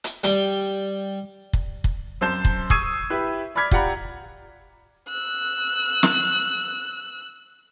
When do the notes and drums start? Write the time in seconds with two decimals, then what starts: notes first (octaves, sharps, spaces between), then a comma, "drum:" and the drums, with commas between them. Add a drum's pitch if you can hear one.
0.04 drum: hi-hat
0.24 G3, drum: hi-hat
1.53 drum: kick
1.84 drum: kick
2.21 F#2 C4 C5 A5 G6 E7
2.45 drum: kick
2.70 C#6 D#6 E6 G#6 C7 D#7, drum: kick
3.10 E4 G4 B4 E5
3.55 D5 B5 D6 F6 G#6 B6
3.71 F4 G4 D5 F#5 A#5 B5, drum: kick
5.09 E6 F#6
6.03 drum: snare